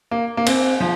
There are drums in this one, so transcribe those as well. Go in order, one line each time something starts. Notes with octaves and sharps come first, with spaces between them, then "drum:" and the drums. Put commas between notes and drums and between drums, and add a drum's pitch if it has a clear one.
A#3
A#3
C4, drum: cymbal
F3